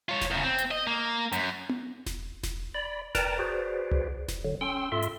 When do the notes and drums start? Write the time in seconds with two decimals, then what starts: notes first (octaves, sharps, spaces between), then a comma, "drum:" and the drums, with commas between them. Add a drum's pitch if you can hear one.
0.09 F4 C#5
0.21 drum: snare E1
0.31 E2 C#3
0.44 C4
0.58 drum: hi-hat
0.71 D#5
0.87 A#3
1.32 F#2, drum: hi-hat
1.69 drum: tom B3
2.06 drum: snare E1
2.43 drum: snare E1
2.75 D5 B5
3.15 A#4 B4 D5 G5 A5 A#5, drum: snare E1
3.39 F#4 G#4 B4 C5 D5
3.91 drum: tom C2
4.28 drum: snare E1
4.44 D3 F#3
4.61 C#4 G5 C6 E6
4.92 G#2 F4 A4 E5 C6
5.02 drum: hi-hat